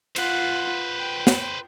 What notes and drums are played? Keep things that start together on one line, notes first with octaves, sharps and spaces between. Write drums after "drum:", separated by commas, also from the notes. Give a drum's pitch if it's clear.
F4 B4 C5 F#5, drum: cymbal
G5
drum: snare